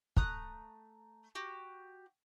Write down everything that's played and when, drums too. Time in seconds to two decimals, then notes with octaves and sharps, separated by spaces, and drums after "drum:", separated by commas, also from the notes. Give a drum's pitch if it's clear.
0.17 A3 A#5 D#6 F#6, drum: kick
1.35 F#4 G4